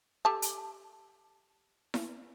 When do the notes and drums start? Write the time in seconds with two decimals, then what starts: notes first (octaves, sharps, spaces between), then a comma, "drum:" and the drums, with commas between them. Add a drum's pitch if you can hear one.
0.25 G4 A4 A5
0.42 drum: hi-hat
1.94 drum: snare E4